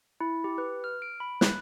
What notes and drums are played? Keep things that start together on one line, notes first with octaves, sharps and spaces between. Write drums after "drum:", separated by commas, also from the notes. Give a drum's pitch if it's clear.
E4
G4
B4
F6
D7
B5
F#6, drum: snare